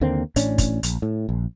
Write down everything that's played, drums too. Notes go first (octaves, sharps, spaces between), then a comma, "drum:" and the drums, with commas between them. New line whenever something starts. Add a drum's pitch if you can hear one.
D#2 D3 A#3 C4
A1 A2 C#4 D4, drum: hi-hat
drum: kick, hi-hat
A#1, drum: hi-hat
A2
A#1